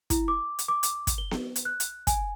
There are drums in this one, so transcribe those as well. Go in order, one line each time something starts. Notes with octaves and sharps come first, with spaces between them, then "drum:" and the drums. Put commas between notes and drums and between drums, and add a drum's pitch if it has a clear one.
E4, drum: kick, hi-hat
D6
drum: hi-hat
D6
drum: hi-hat
drum: kick, hi-hat
G7
drum: snare B3
drum: hi-hat
F#6
drum: hi-hat
G#5, drum: kick, hi-hat